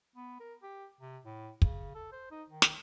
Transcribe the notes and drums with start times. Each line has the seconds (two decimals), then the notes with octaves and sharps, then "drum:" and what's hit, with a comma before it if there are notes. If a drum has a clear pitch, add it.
0.16 B3
0.40 A#4
0.63 G4
1.01 C3
1.25 A2
1.62 C#3, drum: kick
1.95 A4
2.12 C5
2.31 D#4
2.49 D#3
2.62 drum: snare